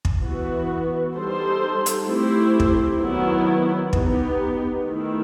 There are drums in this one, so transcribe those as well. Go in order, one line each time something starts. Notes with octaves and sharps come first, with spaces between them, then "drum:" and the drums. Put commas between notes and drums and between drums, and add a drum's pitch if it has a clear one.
drum: kick
E3 B3 F#4 B4
G3 D#4 A4 C5
drum: hi-hat
A3 C4 E4 G4 C5
drum: kick
D#3 F#3 B3 E4
B3 D#4 G4, drum: kick
D#3 A3 E4